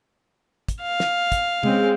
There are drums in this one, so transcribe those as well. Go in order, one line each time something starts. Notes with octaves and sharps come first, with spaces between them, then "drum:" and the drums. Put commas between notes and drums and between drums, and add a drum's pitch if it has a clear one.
drum: kick, hi-hat
F5
drum: snare
drum: kick, hi-hat
G#3 C4 C#4, drum: tom